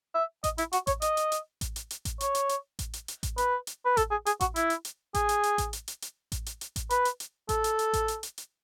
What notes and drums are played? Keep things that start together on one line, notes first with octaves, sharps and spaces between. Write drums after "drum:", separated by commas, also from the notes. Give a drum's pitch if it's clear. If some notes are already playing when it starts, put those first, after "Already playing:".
E5
D#5, drum: kick A1, hi-hat
E4, drum: hi-hat
F#4, drum: hi-hat
C#5, drum: kick A1, hi-hat
D#5, drum: hi-hat
drum: hi-hat
drum: hi-hat
drum: kick A1, hi-hat
drum: hi-hat
drum: hi-hat
drum: kick A1, hi-hat
C#5, drum: hi-hat
drum: hi-hat
drum: hi-hat
drum: kick A1, hi-hat
drum: hi-hat
drum: hi-hat
drum: kick A1, hi-hat
B4, drum: hi-hat
drum: hi-hat
B4
A4, drum: kick A1, hi-hat
G#4
G#4, drum: hi-hat
F#4, drum: kick A1, hi-hat
E4, drum: hi-hat
drum: hi-hat
drum: hi-hat
G#4, drum: kick A1, hi-hat
drum: hi-hat
drum: hi-hat
drum: kick A1, hi-hat
drum: hi-hat
drum: hi-hat
drum: hi-hat
drum: kick A1, hi-hat
drum: hi-hat
drum: hi-hat
drum: kick A1, hi-hat
B4, drum: hi-hat
drum: hi-hat
drum: hi-hat
A4, drum: kick A1, hi-hat
drum: hi-hat
drum: hi-hat
drum: kick A1, hi-hat
drum: hi-hat
drum: hi-hat
drum: hi-hat